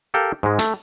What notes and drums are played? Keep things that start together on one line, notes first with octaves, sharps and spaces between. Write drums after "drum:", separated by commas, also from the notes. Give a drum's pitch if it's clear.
G4 A4 A#4 F5 G5
G#2 G#3
A3, drum: hi-hat